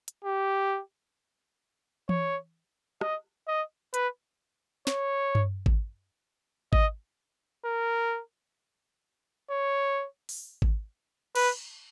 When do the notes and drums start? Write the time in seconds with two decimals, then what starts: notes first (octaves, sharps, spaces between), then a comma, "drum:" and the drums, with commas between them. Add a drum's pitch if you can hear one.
0.08 drum: hi-hat
0.25 G4
2.09 C#5, drum: tom E3
3.01 D#5, drum: rim click
3.48 D#5
3.94 B4, drum: hi-hat
4.87 C#5, drum: snare
5.35 drum: tom G2
5.66 drum: kick G#1
6.73 D#5, drum: kick G#1
7.65 A#4
9.50 C#5
10.29 drum: open hi-hat
10.62 drum: kick G#1
11.36 B4, drum: cymbal